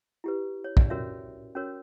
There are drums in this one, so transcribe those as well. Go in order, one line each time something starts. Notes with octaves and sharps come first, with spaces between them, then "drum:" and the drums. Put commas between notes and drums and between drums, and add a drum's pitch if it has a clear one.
E4 G4 B4
C#5
D5, drum: kick
C#4 F#4 A#4 C#5 E5
C#4 F#4 A#4 C#5